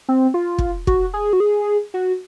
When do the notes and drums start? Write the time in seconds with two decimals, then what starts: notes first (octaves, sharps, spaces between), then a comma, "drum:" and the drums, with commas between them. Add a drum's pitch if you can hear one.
0.09 C4
0.34 F4
0.58 drum: kick
0.87 F#4, drum: kick
1.14 G#4
1.33 F#4
1.40 G#4
1.94 F#4